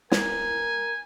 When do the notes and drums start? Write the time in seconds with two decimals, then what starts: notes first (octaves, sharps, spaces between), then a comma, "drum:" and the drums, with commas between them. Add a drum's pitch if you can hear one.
0.12 A#4 G#5, drum: snare